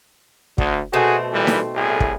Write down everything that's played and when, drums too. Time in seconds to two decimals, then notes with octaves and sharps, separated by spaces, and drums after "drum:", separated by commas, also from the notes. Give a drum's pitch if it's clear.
0.58 D2, drum: kick
0.93 B2 A3 C4 F#4 G#4
1.32 A#2 E3 G3
1.47 drum: snare D#4
1.75 C2 A2 G#4
2.00 drum: kick